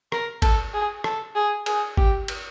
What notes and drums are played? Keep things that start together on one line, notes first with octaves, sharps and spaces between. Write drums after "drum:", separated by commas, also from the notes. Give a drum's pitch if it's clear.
A#4, drum: rim click
A4, drum: kick G#1, cymbal
G#4
A4, drum: rim click
G#4
G#4, drum: cymbal
G4, drum: kick G#1
drum: cymbal